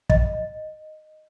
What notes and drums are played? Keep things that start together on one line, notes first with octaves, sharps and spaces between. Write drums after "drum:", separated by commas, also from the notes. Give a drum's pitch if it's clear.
D#5, drum: kick